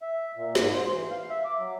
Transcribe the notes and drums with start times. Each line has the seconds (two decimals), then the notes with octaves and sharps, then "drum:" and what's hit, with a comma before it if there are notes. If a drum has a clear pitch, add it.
0.02 E5
0.36 A#2
0.55 G#2, drum: snare
0.74 C5
0.92 E3
1.11 F5
1.30 E5
1.45 D6
1.58 F#3